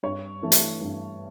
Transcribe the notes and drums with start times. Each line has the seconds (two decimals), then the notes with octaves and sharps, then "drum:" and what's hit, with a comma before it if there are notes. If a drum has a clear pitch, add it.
0.03 G2 C#5
0.43 E3 A3
0.52 drum: hi-hat
0.81 G2